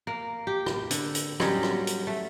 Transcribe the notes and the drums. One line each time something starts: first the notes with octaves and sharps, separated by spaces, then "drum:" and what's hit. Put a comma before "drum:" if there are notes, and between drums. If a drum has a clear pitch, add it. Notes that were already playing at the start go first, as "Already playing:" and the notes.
A#3
G4
drum: rim click
D3, drum: hi-hat
drum: hi-hat
F#3 G3 C#4 D#5, drum: rim click
drum: rim click
drum: hi-hat
A3